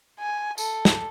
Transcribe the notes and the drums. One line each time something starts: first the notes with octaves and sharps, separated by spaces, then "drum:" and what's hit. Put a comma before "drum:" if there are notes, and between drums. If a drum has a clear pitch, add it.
G#5
A4, drum: tambourine
drum: snare